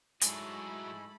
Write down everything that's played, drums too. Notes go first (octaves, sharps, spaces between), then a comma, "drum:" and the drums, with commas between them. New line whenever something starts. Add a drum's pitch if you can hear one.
F#3 G#3 A3 D#4 E4 G#4 D5 B5, drum: hi-hat